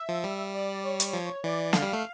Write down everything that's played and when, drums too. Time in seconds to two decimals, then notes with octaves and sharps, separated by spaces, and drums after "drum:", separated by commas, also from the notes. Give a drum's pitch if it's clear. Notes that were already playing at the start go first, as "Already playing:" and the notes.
Already playing: E5
0.09 F3
0.24 G3
0.54 D5
0.84 C#5
1.00 drum: hi-hat
1.13 F3
1.43 E3 D5
1.73 D3 F5, drum: snare
1.82 G3
1.93 A3